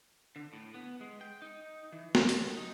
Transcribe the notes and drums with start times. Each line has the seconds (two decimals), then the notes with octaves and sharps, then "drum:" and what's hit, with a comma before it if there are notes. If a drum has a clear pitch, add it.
0.36 D3
0.53 A2
0.74 B3
1.01 G#3
1.21 G5
1.42 D#4
1.92 E3
2.15 D2, drum: snare
2.29 F#3, drum: hi-hat
2.57 D#4